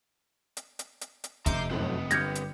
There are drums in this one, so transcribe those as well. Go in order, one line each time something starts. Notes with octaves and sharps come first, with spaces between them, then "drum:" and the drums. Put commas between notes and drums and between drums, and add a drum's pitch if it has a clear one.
drum: hi-hat
drum: hi-hat
drum: hi-hat
drum: hi-hat
F1 E5 A#5 C6 D6 G6, drum: kick, hi-hat
F#2 A2 C4 B4
G1 G4 F6 G6 G#6 A#6 C#7, drum: hi-hat
drum: hi-hat